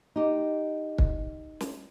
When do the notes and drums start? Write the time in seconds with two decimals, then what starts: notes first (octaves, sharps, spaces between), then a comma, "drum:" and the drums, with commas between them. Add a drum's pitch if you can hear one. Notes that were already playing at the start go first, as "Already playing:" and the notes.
0.16 D#4 G4
0.98 drum: kick
1.61 drum: snare